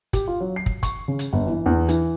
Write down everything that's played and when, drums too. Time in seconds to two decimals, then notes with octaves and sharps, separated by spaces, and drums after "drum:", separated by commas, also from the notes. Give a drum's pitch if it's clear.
0.13 G4, drum: kick, hi-hat
0.28 F4
0.40 F#3
0.56 C7
0.66 drum: kick
0.83 C#6, drum: kick, hi-hat
1.08 C#3
1.19 drum: hi-hat
1.33 G1
1.47 E3
1.66 E2
1.89 E3, drum: hi-hat